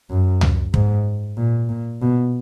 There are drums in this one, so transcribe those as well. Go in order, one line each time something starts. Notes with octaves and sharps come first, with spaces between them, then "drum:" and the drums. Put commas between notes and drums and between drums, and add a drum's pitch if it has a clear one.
F#2
drum: tom C#2
G#2, drum: kick
A#2
A#2
B2